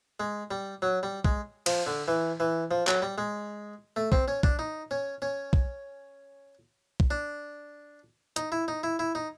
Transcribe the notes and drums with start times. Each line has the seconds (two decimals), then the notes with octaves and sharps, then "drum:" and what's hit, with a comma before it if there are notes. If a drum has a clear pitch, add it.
0.20 G#3
0.51 G3
0.82 F#3
1.03 G3
1.25 G#3, drum: kick
1.66 F3, drum: cymbal
1.87 D3
2.08 E3
2.40 E3
2.71 F3
2.87 F#3, drum: clap
3.02 G3
3.18 G#3
3.96 A3
4.12 C4, drum: kick
4.28 C#4
4.43 D4, drum: kick
4.59 D#4
4.91 C#4
5.22 C#4
5.53 drum: kick
7.00 drum: kick
7.11 D4
8.36 D#4, drum: hi-hat
8.52 E4
8.68 D#4
8.83 E4
8.99 E4
9.15 D#4